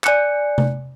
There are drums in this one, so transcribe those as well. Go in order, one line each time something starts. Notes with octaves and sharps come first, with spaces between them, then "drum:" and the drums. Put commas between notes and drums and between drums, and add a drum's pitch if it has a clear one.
D5 G#5 F#6 C#7, drum: clap
drum: tom C3